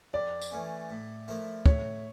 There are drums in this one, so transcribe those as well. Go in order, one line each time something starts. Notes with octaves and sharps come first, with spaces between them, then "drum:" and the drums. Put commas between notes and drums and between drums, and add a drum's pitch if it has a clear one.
F2 D5
drum: tambourine
E3 A3 C#4
A2
F3 A3 E4 A#4
A2 C#5, drum: kick